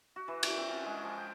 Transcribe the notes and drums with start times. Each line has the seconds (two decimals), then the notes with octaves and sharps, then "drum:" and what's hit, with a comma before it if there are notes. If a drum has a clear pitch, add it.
0.16 F#4
0.28 E3
0.43 A5, drum: cymbal
0.57 C4
0.70 C#4
0.85 G#3
1.03 F3
1.18 G5